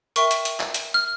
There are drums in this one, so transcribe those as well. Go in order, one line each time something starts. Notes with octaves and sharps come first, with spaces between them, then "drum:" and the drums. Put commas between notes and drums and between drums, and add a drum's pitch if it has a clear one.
A#4 E5 G5 C#6, drum: hi-hat
drum: hi-hat
drum: hi-hat
drum: clap
drum: hi-hat
F6